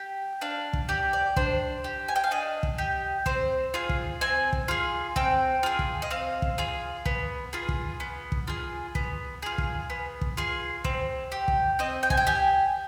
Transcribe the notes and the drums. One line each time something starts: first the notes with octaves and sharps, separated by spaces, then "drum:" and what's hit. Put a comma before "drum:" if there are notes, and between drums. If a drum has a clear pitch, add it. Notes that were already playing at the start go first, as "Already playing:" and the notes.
Already playing: G4
D4 F5
drum: kick
G4 D5
D5
D4 C5, drum: kick
G4
G#5
G5
F5
D4 D#5
drum: kick
G4
C4 C5, drum: kick
F4 G#4
drum: kick
C4 G#5
drum: kick
F4 G#4
C4 G5, drum: kick
F4 G#4
drum: kick
D#5
C4 F5
drum: kick
F4 G#4
B3, drum: kick
F4 G#4
drum: kick
B3
drum: kick
F4 G#4
B3, drum: kick
F4 G#4
drum: kick
B3
drum: kick
F4 G#4
C4, drum: kick
G4
drum: kick
C4 D#5
G5
G#5, drum: kick
G5
G4 G#5